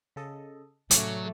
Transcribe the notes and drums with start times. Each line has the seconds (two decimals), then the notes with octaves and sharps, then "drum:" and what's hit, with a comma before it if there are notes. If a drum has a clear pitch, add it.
0.16 C#3 A4 D#5
0.91 A2 C3 F#3 A3 C#4 D5 C#6, drum: hi-hat